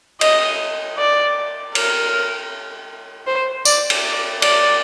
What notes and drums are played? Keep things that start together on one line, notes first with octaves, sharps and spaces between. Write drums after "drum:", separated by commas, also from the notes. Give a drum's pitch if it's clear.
D#5, drum: cymbal
D5
A#4, drum: cymbal
C5
D5, drum: tambourine
drum: cymbal
D5
D5, drum: cymbal